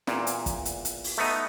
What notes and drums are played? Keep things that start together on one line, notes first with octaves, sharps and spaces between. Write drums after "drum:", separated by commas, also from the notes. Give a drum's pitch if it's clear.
E2 A#2, drum: snare
drum: hi-hat
drum: kick, hi-hat
drum: hi-hat
drum: hi-hat
drum: open hi-hat
A3 B3 D#4